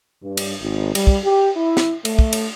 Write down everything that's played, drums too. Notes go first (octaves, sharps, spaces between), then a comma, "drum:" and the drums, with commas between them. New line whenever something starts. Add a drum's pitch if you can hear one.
G2
drum: cymbal
G#1
G3, drum: cymbal
drum: kick
G4
E4
drum: snare
A3, drum: cymbal
drum: kick
drum: cymbal